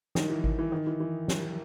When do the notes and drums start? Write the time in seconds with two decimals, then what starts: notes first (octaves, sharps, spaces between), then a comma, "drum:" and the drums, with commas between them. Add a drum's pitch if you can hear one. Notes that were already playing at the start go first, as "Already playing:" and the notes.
0.15 D#3, drum: snare
0.30 E3
0.44 drum: kick G#1
0.59 E3
0.72 D#3
0.87 E3
1.00 E3
1.28 drum: snare